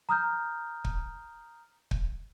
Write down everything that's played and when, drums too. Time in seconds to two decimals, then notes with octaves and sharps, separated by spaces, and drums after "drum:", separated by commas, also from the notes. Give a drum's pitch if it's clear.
0.09 A#5 D#6 F6 G6
0.85 drum: kick
1.91 drum: kick